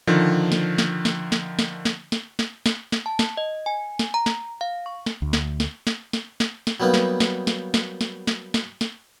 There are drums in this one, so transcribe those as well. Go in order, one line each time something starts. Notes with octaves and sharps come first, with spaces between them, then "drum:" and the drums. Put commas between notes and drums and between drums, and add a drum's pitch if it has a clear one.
D3 D#3 F3
drum: snare
drum: snare
drum: snare
drum: snare
drum: snare
drum: snare
drum: snare
drum: snare
drum: snare
drum: snare
A5
drum: snare
D#5
G#5
drum: snare
A#5
drum: snare
F5
C#6
drum: snare
D2
drum: snare
drum: snare
drum: snare
drum: snare
drum: snare
drum: snare
F#3 G3 A#3 B3 D#4
drum: snare
drum: snare
drum: snare
drum: snare
drum: snare
drum: snare
drum: snare
drum: snare